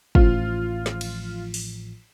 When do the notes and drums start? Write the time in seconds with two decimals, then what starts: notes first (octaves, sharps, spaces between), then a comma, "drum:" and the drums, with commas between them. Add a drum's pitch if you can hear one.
0.15 A1 F3 F4, drum: kick
0.86 drum: snare
1.01 drum: cymbal
1.54 drum: open hi-hat